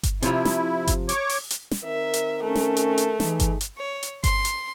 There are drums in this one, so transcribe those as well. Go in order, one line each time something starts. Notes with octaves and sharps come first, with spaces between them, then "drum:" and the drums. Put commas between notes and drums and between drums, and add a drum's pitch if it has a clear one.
drum: kick G1, hi-hat
C3 F3 E4, drum: hi-hat
drum: snare
drum: kick G1, hi-hat
C#5 C#6 D6, drum: hi-hat
drum: open hi-hat
drum: hi-hat
drum: snare
D#3 C4 A#4 E5
drum: hi-hat
A3 C#4
drum: snare
drum: hi-hat
drum: hi-hat
E3 D#4 G#4, drum: snare
drum: kick G1, hi-hat
drum: hi-hat
C#5
drum: hi-hat
C6, drum: kick G1, hi-hat
drum: hi-hat